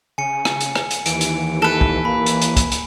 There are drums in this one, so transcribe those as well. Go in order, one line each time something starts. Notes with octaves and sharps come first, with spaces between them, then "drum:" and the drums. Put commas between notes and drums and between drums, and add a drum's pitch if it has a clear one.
C#3 G#5 C#7
drum: rim click
drum: hi-hat
drum: rim click
drum: hi-hat
D#2 E3 D7, drum: hi-hat
drum: hi-hat
A4 B4
drum: kick
D#2 A#3 B5
drum: hi-hat
drum: hi-hat
drum: kick, hi-hat
drum: hi-hat